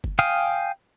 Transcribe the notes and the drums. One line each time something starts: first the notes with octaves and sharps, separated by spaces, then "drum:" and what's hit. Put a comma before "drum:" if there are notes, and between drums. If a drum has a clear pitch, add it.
drum: kick G1
F5 G5 G#5 D#6 F6